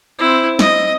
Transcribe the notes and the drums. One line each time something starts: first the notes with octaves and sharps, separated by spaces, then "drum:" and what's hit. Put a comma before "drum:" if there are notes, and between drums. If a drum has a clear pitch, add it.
C4 E4
D#5, drum: snare